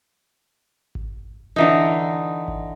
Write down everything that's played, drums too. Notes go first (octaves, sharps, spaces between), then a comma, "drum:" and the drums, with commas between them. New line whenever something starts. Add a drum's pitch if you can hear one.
drum: kick G#1
D3 E3 D#4
drum: kick G#1